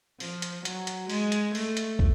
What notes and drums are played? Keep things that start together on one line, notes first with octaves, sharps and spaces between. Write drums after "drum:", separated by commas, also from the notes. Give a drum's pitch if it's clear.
F3, drum: open hi-hat
drum: hi-hat
F#3, drum: hi-hat
drum: hi-hat
G#3, drum: open hi-hat
drum: hi-hat
A3, drum: open hi-hat
drum: hi-hat
drum: kick